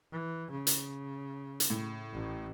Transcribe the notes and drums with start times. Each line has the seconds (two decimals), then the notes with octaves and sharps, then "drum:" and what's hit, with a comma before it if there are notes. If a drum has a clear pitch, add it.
0.12 E3
0.51 C#3
0.67 drum: hi-hat
1.60 drum: hi-hat
1.70 A2
2.12 A1